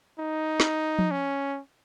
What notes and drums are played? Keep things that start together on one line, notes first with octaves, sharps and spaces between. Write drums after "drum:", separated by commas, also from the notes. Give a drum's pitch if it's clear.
D#4
drum: snare
drum: tom F3
C#4